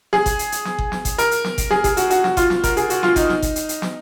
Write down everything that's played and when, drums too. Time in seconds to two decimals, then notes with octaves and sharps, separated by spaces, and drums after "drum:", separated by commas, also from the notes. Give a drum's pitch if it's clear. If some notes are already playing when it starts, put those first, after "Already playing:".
0.13 G#4, drum: snare
0.26 drum: kick G1, hi-hat
0.39 drum: hi-hat
0.52 drum: hi-hat
0.65 drum: snare
0.79 drum: kick G1
0.92 drum: snare
1.05 drum: kick G1, hi-hat
1.18 A#4, drum: hi-hat
1.31 drum: hi-hat
1.45 drum: snare
1.58 drum: kick G1, hi-hat
1.71 G#4, drum: snare
1.84 G#4, drum: kick G1, hi-hat
1.97 F#4, drum: hi-hat
2.10 F#4, drum: hi-hat
2.24 F#4, drum: snare
2.37 F4, drum: kick G1, hi-hat
2.50 drum: snare
2.64 A#4, drum: kick G1, hi-hat
2.77 G#4, drum: hi-hat
2.90 F#4, drum: hi-hat
3.03 F4, drum: snare
3.16 D#4, drum: kick G1, hi-hat
3.29 drum: snare
3.42 drum: kick G1, hi-hat
3.56 drum: hi-hat
3.69 drum: hi-hat
3.82 drum: snare